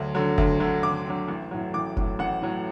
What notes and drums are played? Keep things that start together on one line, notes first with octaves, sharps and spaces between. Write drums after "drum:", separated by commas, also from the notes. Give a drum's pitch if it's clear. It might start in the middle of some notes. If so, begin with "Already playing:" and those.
Already playing: D2 D3 F#3
D3 F#3
D2, drum: kick F1
D3 F#3
D2 D6
D3 F#3
A1
A2 F#3
A1 D6
A2 F#3, drum: kick F1
A1 F#5
A2 F#3